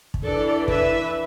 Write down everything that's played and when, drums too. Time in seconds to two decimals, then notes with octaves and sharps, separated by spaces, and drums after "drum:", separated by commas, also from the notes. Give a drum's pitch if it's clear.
0.14 drum: kick
0.23 E3 D4 A4 D5
0.68 B4 E5, drum: kick